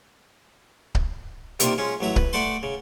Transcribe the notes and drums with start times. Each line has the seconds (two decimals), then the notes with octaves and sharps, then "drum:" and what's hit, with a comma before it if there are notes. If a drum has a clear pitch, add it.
0.95 drum: kick C#1
1.60 C3 D#3 A#3 D4 F4, drum: hi-hat
1.78 G#3 C#4 F4
2.01 A1 F#3 E5 A#5
2.16 B4, drum: kick C#1
2.33 A3 D5 F#5 A5 C6
2.63 C#3